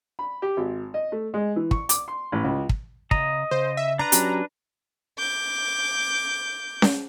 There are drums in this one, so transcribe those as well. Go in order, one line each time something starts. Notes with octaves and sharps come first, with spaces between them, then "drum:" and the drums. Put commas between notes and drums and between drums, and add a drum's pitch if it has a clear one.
B5
G4
G#1
D#5
A3
G#3
E3
C#6, drum: kick
D6, drum: hi-hat
C6
A1
C#2
drum: kick
C#3 D#5 A#5, drum: kick
C#3 C5
E5
D4 B4 A#5
F#3 C#4 G4, drum: hi-hat
D6 G6
drum: snare C#4